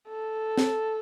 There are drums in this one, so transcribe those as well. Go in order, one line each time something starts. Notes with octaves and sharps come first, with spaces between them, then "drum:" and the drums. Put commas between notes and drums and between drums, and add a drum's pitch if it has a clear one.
A4
drum: snare